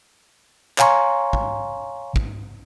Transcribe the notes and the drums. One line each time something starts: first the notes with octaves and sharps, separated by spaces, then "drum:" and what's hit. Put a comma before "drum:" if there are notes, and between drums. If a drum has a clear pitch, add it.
C#5 F5 G#5 A#5 C6 C#6, drum: clap
drum: kick
drum: kick